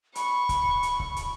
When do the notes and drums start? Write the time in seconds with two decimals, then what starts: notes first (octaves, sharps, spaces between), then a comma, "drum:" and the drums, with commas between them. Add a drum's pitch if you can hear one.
0.15 B5 C#6, drum: hi-hat
0.49 drum: kick C#1, hi-hat
0.83 drum: hi-hat
1.00 drum: kick C#1
1.16 drum: hi-hat